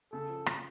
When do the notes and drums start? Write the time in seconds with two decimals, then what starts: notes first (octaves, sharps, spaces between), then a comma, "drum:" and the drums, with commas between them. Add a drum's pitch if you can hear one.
0.12 C#3 A4
0.29 F3
0.46 drum: rim click